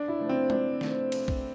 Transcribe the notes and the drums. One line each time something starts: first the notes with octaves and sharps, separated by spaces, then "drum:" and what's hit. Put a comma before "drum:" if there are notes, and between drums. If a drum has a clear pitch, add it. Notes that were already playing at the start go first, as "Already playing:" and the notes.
Already playing: E2 D4
E4
C3 F3 A3
C4
E2 D4, drum: tom G#3
C3 F3 A3, drum: snare
E2, drum: cymbal
drum: kick